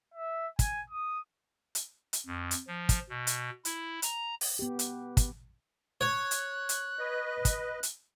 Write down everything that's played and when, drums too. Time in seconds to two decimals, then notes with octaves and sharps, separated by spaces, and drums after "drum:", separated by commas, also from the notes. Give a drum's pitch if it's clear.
0.14 E5
0.59 G#5, drum: kick, hi-hat
0.90 D#6
1.75 drum: hi-hat
2.13 drum: hi-hat
2.26 F2
2.51 drum: hi-hat
2.67 F3
2.89 drum: kick, hi-hat
3.09 B2
3.27 drum: hi-hat
3.65 E4, drum: hi-hat
4.02 A#5, drum: hi-hat
4.41 drum: open hi-hat
4.59 B3 G4
4.79 drum: hi-hat
5.17 drum: kick, hi-hat
6.01 C#5 F#6
6.31 drum: hi-hat
6.69 drum: hi-hat
6.99 B4 D#5
7.45 drum: kick, hi-hat
7.83 drum: hi-hat